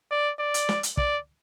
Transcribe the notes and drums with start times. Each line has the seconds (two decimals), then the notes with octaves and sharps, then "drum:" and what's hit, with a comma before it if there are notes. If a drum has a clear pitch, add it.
0.11 D5
0.39 D5
0.54 drum: hi-hat
0.69 drum: snare
0.83 drum: hi-hat
0.97 D5, drum: kick